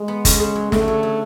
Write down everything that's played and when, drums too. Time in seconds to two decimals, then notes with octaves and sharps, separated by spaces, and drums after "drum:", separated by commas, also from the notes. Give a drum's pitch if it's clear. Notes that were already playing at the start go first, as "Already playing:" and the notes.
Already playing: G#3
0.08 B3
0.25 C#3, drum: kick F#1, hi-hat
0.40 C#3
0.55 F#3
0.72 D3 A3, drum: snare
0.88 F#3
1.03 F#3